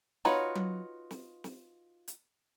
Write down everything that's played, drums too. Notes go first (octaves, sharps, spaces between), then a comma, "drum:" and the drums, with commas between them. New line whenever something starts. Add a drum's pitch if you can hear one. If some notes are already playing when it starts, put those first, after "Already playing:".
D#4 F4 F#4 B4 C#5, drum: snare
drum: tom F#3
drum: snare
drum: snare
drum: hi-hat